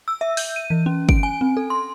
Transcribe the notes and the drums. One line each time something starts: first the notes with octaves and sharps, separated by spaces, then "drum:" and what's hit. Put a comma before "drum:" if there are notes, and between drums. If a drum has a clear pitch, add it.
E6
E5
G6, drum: open hi-hat
D#7
E3
C#4
D7, drum: kick
G#5
C4
A4
C6